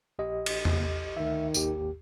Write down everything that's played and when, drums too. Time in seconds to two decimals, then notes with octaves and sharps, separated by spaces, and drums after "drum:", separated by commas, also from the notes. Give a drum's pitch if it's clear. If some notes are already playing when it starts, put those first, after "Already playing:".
0.19 A#1 G4 D#5
0.46 drum: cymbal
0.65 drum: tom E2
1.17 D2 D#3 E5
1.54 G#1 D#2 G4, drum: tambourine